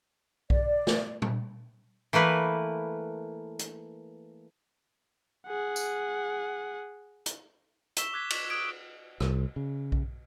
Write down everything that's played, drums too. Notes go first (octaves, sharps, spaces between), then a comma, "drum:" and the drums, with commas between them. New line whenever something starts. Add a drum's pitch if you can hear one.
D5, drum: kick B1
drum: snare
drum: tom
E3 A3 A#3 B4
drum: hi-hat
G#4 F#5
drum: tambourine
drum: hi-hat
C#6 E6 B6 E7 G7, drum: hi-hat
D6 F#6 G#6 B6
C#6 B6, drum: cymbal
D#6 G#6 D7
C2, drum: rim click
C#3
drum: kick B1